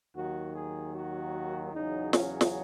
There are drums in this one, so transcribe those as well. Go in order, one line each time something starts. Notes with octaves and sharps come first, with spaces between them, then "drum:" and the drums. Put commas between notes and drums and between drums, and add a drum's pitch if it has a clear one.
D#2 D#3 F#3 F#4
G#4
F#4
E2 C#3 F#3 D#4
C#4, drum: snare
drum: snare